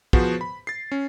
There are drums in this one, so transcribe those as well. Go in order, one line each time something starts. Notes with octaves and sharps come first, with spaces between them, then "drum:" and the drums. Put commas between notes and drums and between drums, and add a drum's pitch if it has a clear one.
F3 B3 F#4 G#4 B4 C5, drum: kick
B5
A6 C7
C#4